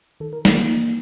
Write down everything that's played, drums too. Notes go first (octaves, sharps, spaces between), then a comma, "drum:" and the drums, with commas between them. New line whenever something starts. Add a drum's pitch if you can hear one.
D#3 A4
A#4
A#3 A4, drum: snare
F4
A#3 D#4